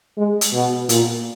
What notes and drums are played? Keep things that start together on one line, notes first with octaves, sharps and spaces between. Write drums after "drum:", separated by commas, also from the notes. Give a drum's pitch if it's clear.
G#3
drum: hi-hat
B2
A#2, drum: hi-hat